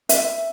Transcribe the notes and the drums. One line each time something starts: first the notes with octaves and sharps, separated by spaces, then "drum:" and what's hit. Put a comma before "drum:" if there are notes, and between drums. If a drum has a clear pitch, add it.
E5, drum: hi-hat